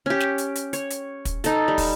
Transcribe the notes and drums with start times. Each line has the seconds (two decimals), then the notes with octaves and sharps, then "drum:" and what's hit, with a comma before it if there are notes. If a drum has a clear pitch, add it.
0.06 C#4 G4
0.21 drum: snare
0.38 drum: hi-hat
0.56 drum: hi-hat
0.73 C#5, drum: hi-hat
0.90 drum: hi-hat
1.25 drum: kick, hi-hat
1.44 D#4 A4, drum: hi-hat
1.68 G3
1.78 drum: kick, open hi-hat